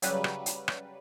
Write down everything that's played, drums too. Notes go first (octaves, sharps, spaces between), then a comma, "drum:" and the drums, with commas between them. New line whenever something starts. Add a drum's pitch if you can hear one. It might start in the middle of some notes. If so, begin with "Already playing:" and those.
C#3 F#3 G3 B4, drum: hi-hat
drum: rim click
drum: hi-hat
drum: rim click